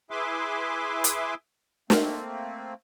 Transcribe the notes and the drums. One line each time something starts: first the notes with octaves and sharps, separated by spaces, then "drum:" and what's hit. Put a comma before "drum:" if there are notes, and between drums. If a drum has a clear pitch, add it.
E4 G#4 B4 E5 C6 D6
drum: hi-hat
A3 A#3 C4, drum: snare